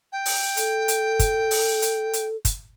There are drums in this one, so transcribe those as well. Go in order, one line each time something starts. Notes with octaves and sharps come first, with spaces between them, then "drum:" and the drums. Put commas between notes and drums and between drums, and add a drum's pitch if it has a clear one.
G5
drum: open hi-hat
A4, drum: hi-hat
drum: hi-hat
drum: kick, hi-hat
drum: open hi-hat
drum: hi-hat
drum: hi-hat
drum: kick, hi-hat